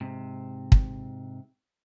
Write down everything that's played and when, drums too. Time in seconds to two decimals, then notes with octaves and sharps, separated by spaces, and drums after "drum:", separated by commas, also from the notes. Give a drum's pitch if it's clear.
0.01 G#2 C3
0.72 drum: kick